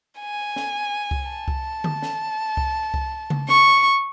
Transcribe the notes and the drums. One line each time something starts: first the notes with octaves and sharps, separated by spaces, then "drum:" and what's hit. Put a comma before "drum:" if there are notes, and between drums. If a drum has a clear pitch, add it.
G#5
drum: snare
drum: kick C2
A5
drum: kick C2
drum: tom D3
drum: snare
drum: kick C2
drum: kick C2
drum: tom C#3
C#6, drum: snare